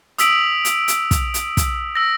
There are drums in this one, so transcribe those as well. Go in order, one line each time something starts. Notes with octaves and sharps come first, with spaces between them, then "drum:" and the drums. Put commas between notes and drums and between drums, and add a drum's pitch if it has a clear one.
D#6 E6 B6 D7 F#7, drum: hi-hat
drum: hi-hat
drum: hi-hat
drum: kick, hi-hat
drum: hi-hat
drum: kick, hi-hat
E6 A#6